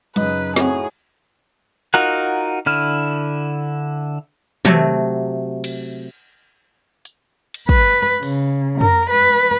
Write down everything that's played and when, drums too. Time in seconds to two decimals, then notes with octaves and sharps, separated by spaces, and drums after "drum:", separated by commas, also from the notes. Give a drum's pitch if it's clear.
0.16 F#2 C#3 D#4 B4 D#5, drum: cymbal
0.56 A2 C4 F#4 G#4, drum: snare
1.94 D#4 F4 F#4 A#4 F#5, drum: hi-hat
2.66 D3 E4 F6
4.65 C3 F#3 A3, drum: tom
5.64 drum: cymbal
7.05 drum: hi-hat
7.54 drum: cymbal
7.69 B4, drum: kick
8.23 C#3, drum: open hi-hat
8.81 A#4, drum: tom F2
9.10 B4